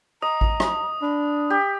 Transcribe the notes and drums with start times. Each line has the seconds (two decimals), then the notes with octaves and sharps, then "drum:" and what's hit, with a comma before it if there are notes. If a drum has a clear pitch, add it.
0.22 D#5 A#5 D#6
0.41 drum: kick A1
0.60 drum: rim click
1.02 D4 B5
1.50 G4